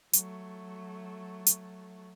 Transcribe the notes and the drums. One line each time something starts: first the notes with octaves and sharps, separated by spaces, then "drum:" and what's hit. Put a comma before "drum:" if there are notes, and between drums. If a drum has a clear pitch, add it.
F#3 A3, drum: hi-hat
drum: hi-hat